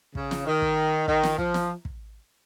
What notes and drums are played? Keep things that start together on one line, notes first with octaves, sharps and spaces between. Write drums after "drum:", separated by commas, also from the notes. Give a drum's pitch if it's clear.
C#3, drum: kick
drum: snare
D#3
drum: kick
D#3, drum: kick
drum: snare
F3, drum: kick
drum: snare
drum: kick